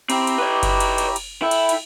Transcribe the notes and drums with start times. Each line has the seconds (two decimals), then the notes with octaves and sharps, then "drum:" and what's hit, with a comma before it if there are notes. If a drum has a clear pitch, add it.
0.10 C4 E4 G4 A#5, drum: cymbal
0.27 drum: cymbal
0.38 B4 C#5
0.63 drum: kick F#1, cymbal
0.80 drum: cymbal
0.98 drum: cymbal
1.16 drum: cymbal
1.42 E4 A4 G5
1.51 drum: cymbal
1.69 drum: cymbal